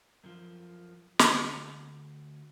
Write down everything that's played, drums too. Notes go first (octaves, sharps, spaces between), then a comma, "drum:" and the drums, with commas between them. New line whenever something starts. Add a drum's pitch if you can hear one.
F#2 F3
D2, drum: snare